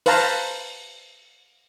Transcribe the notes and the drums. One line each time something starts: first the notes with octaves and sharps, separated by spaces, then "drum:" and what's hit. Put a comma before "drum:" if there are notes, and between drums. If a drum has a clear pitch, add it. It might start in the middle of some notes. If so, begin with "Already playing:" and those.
B4 C5 F5 A5 A#5, drum: open hi-hat